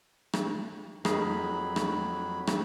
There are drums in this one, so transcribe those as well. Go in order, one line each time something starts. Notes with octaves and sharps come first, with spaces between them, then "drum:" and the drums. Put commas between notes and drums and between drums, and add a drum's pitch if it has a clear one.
drum: rim click
F2 F#3 D#4 G#4 A#4 B5, drum: rim click
drum: rim click
drum: rim click